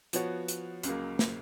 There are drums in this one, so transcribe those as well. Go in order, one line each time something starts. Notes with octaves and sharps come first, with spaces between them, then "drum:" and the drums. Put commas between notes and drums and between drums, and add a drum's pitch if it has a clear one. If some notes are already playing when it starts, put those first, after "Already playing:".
F3 B3 F#4 C#5, drum: hi-hat
drum: hi-hat
C#2 C#3 F#3 A#3, drum: hi-hat
drum: snare